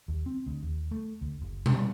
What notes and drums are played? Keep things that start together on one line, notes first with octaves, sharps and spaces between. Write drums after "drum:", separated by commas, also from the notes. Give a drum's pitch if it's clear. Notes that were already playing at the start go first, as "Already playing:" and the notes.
D#2
C4
D2
D#2
A3
D2
F#1
G3, drum: tom B2